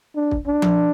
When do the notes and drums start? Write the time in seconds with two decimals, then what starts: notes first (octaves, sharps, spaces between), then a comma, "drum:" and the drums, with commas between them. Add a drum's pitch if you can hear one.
0.16 D4
0.31 drum: kick
0.47 D4
0.62 drum: tom F3